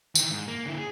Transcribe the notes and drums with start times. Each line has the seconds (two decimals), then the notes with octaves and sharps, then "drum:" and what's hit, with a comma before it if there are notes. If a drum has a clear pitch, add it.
0.15 D#3 E3, drum: tambourine
0.30 G#2
0.48 A#3
0.66 D3 E4
0.78 G#4